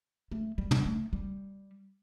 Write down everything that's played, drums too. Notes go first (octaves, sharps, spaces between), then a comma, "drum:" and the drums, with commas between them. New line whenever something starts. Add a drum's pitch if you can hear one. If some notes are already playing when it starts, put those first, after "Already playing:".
A3
G3
drum: tom
A3
G3